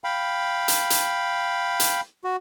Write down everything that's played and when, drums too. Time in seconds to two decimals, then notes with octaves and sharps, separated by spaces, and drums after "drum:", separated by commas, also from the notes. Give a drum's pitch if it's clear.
0.04 F5 G5 B5
0.68 drum: hi-hat
0.90 drum: hi-hat
1.80 drum: hi-hat
2.24 F#4